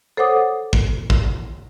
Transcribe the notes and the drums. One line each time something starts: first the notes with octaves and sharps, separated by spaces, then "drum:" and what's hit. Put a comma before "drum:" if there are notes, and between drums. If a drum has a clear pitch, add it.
A4 C5 C#5 F#5 D6 D#6
drum: kick
drum: kick